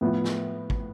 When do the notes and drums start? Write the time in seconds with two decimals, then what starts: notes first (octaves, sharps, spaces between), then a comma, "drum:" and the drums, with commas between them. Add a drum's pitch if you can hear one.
0.01 A2 F3 B3
0.24 drum: snare
0.70 drum: kick